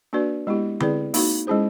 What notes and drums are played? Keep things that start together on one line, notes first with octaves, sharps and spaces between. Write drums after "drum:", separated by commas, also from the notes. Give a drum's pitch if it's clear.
A#3 D4 F#4 B4 D5
G#3 B3 E4 G4
C4 E4 G#4 B4 D5, drum: tom D3
A#3 D#4 F#4, drum: open hi-hat
G#3 C#4 E4 G#4 C5